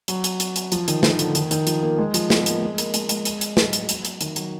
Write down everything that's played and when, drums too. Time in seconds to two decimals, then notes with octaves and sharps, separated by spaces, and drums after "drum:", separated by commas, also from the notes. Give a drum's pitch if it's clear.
0.08 F#3, drum: hi-hat
0.24 drum: hi-hat
0.40 drum: hi-hat
0.56 drum: hi-hat
0.72 F3, drum: hi-hat
0.88 D#3, drum: hi-hat
1.03 D#3, drum: snare
1.19 D3, drum: hi-hat
1.35 D#3, drum: hi-hat
1.51 D#3, drum: hi-hat
1.67 F3, drum: hi-hat
1.83 A#3
1.98 G#3
2.14 F3, drum: hi-hat
2.30 B3, drum: snare
2.46 A#3, drum: hi-hat
2.62 G#3
2.78 A#3, drum: hi-hat
2.94 G#3, drum: hi-hat
3.09 G#3, drum: hi-hat
3.25 drum: hi-hat
3.41 drum: hi-hat
3.57 F#3, drum: snare
3.73 drum: hi-hat
3.89 drum: hi-hat
4.05 drum: hi-hat
4.21 D#3, drum: hi-hat
4.36 F#3, drum: hi-hat